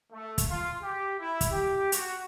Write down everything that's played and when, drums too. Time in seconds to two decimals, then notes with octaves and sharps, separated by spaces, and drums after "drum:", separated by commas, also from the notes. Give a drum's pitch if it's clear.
0.11 A3
0.38 drum: kick, hi-hat
0.49 F4
0.82 G4
1.19 E4
1.41 drum: kick, hi-hat
1.51 G4
1.92 F#4, drum: hi-hat